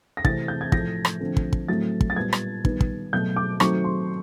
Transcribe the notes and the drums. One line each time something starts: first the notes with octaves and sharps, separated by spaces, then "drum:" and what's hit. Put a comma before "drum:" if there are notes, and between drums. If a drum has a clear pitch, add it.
A#6
C3 E3 A3 C4 A6, drum: kick
G6
G#6
A2 F3 A3 A#6, drum: kick
drum: rim click
D3 F3 A3 C4
drum: kick
drum: kick
A2 F#3 A3 C4 A6
drum: kick
A6
A#2 G3 B3 G#6
drum: rim click
D#3 G3 B3, drum: kick
drum: kick
B2 F#3 A3 G6
D6
D#3 F#3 A3 C4 C#6, drum: rim click
C6